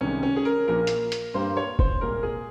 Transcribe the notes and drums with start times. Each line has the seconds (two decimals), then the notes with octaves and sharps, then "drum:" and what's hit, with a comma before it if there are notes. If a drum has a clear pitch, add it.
0.01 C2 C3 D#3 G#3 C#4
0.23 C#4
0.36 G#4
0.45 A#4
0.67 A#1 A#2 F3 A#3 A#4
0.87 drum: hi-hat
1.12 drum: hi-hat
1.34 G2 G3 A#3 C5
1.57 C#5
1.79 C5, drum: kick F1
2.00 C2 A#2 G#3 A#4
2.23 G#4